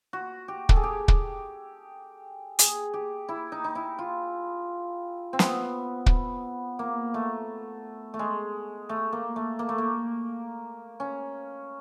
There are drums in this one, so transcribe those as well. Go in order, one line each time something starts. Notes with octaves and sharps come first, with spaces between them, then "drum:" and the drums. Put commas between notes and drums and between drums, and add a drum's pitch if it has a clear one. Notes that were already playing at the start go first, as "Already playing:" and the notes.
F#4
G4
A4, drum: kick
G#4
G4
drum: kick
G#4, drum: hi-hat
G4
E4
D#4
D#4
E4
F4
C4
B3, drum: snare
drum: kick
A#3
A3
A3
G#3
A3
A#3
A3
A#3
A3
A#3
C#4